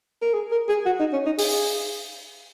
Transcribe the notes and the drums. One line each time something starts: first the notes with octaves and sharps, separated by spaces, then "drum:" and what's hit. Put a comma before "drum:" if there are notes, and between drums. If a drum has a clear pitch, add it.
A#4
G#4
A#4
G#4
F#4
D#4
C#4
D#4
G#4, drum: open hi-hat